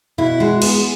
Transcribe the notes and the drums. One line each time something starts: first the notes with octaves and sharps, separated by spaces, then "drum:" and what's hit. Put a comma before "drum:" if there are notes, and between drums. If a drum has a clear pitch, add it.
B2 E4
G#3 F#4
B3 G#4, drum: cymbal